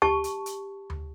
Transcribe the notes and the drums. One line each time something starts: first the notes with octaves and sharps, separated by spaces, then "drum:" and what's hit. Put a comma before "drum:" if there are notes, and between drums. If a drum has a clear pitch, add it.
G4 A5 C#6, drum: tom D2
drum: hi-hat
drum: hi-hat
drum: tom D2